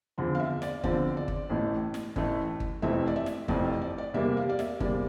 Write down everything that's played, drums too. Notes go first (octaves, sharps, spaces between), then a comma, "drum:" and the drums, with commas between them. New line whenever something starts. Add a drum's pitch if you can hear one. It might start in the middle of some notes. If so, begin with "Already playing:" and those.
E2 D3 F3 C4
F5
E5
D5, drum: snare
E2 D3 F3 C4 D5, drum: kick G1
D5
drum: kick G1
A1 A2 E3 A3
drum: snare
A1 A2 E3 A3, drum: kick G1
drum: kick G1
F1 F2 E3 A3 C4 E5
D5
E5
drum: snare
F1 F2 E3 A3 C4 D5, drum: kick G1
D5
D5
D5
E2 C3 G3 A#3 E5
F5
D5
E5, drum: snare
E2 C3 G3 A#3 D5, drum: kick G1